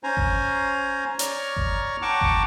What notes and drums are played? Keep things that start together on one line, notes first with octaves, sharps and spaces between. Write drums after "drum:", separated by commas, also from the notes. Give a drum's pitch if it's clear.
C#4 C5 G#5 A#5
drum: kick G1
C#5 D5 A#5 C#6 F6, drum: hi-hat
drum: kick G1
F#5 G5 A5 A#5 C#6 D6
drum: kick G1